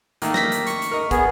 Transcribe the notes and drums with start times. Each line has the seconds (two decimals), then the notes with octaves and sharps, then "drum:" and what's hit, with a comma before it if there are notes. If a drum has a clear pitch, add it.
0.22 D#3 A3 A#3, drum: hi-hat
0.34 A#6 B6, drum: snare
0.52 drum: hi-hat
0.67 C#6, drum: hi-hat
0.82 drum: hi-hat
0.91 A#4 D#5
1.11 B3 G#4, drum: kick, hi-hat